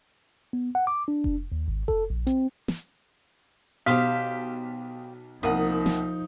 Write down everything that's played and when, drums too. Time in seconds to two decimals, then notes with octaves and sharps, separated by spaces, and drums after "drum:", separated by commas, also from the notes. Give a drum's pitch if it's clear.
0.53 B3
0.75 F#5
0.87 D6
1.08 D4
1.24 drum: kick F1
1.52 D#2
1.68 G#1
1.88 A4, drum: kick F1
2.10 A#1
2.27 C4, drum: hi-hat
2.68 drum: snare
3.86 B1 G4 C5 F5 D#6 B6
5.43 C2 F3 A#3 D#4 F#5 D#6
5.86 drum: snare